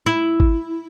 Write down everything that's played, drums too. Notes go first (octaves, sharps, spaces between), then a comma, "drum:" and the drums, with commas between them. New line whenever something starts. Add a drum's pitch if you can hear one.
E4
drum: kick G#1